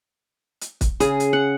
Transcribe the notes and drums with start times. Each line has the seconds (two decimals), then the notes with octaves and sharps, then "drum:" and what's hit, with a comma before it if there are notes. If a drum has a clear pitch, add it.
0.61 drum: hi-hat
0.81 drum: kick, hi-hat
1.00 C#3 G#4, drum: hi-hat
1.20 drum: hi-hat
1.33 F#5